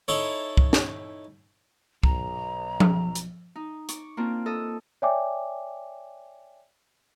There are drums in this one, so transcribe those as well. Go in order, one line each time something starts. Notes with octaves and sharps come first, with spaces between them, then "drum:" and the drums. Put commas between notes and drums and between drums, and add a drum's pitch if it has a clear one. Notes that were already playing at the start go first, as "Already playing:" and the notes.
D#4 E4 A4 C#5
drum: kick
drum: snare
B1 A#5, drum: kick
drum: tom F3
drum: hi-hat
D#4
C#6 D6, drum: hi-hat
A#3 C4 D4 F4
A4 D#5
C#5 D5 E5 G5 G#5 D6